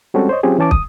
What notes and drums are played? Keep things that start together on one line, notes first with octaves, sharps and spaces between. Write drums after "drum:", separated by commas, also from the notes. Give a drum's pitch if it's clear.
G3 G#3 C4 C#4 F#4 A4
C5 C#5 D#5
F#3 C4 C#4 F4 G4 G#4
E3 C#4 A5 D6
D#6, drum: kick